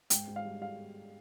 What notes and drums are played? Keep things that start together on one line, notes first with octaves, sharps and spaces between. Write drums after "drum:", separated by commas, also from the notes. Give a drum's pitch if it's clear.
G#2 G5, drum: hi-hat
G#2
F5
G3
G3 F5